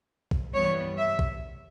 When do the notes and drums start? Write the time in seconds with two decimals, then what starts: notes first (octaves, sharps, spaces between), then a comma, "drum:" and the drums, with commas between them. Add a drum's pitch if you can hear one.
0.31 drum: kick A#1
0.53 G2 E3 G3 B3 C#5
0.98 E5
1.19 drum: kick A#1